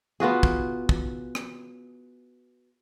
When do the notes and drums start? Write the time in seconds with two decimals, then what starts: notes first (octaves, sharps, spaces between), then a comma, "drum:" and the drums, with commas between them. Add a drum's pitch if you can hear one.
0.20 B3 F4 F#4 G#4
0.43 drum: kick
0.89 drum: kick
1.35 drum: rim click